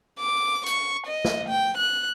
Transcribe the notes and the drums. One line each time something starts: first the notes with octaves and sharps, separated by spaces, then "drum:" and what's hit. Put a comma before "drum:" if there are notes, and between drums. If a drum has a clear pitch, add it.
D6
C#6, drum: hi-hat
D#5
drum: snare
G5
F#6